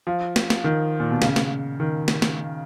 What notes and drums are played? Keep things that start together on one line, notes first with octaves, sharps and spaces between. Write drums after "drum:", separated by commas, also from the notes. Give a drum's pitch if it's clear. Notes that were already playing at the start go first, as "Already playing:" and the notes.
F3
drum: snare
drum: snare
D#3
A#2
B2
C#3, drum: snare
drum: snare
D#3
drum: snare
drum: snare